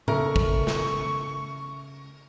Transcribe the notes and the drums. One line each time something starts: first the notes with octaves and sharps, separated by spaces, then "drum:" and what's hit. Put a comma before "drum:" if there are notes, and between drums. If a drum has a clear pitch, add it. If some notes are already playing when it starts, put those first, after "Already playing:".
C#3 A4 A#4 E5 C#6, drum: tom A2
drum: kick
drum: snare